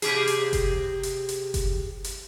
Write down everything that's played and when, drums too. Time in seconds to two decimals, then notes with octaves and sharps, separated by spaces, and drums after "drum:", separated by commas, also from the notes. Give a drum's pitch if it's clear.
0.02 C3 G4 G#4, drum: hi-hat
0.27 drum: hi-hat
0.53 drum: kick F#1, hi-hat
1.03 drum: hi-hat
1.29 drum: hi-hat
1.54 drum: kick F#1, hi-hat
2.04 drum: hi-hat